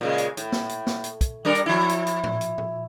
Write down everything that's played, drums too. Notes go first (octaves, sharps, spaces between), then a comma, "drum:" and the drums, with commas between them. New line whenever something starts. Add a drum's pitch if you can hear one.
A#2 C#3 G#3
drum: hi-hat
A2, drum: hi-hat
drum: snare
drum: hi-hat
drum: snare
drum: hi-hat
drum: kick, hi-hat
G3 D4 A#4
drum: hi-hat
F3 E4
drum: hi-hat
drum: hi-hat
drum: tom A2
drum: hi-hat
drum: tom A#2